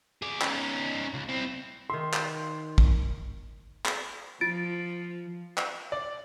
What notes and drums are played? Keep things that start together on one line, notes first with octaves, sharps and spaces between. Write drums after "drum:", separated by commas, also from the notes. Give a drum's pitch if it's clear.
G#4 D5
C#4 D#4, drum: clap
C#2
C4 E4
D#3 E5 C6
drum: clap
drum: kick
drum: clap
F3 F4 A6 D7
drum: clap
D5